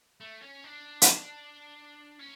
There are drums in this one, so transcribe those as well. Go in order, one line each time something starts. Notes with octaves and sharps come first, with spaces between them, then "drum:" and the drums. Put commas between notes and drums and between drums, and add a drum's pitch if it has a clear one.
A3
C#4
D4
drum: hi-hat
C#4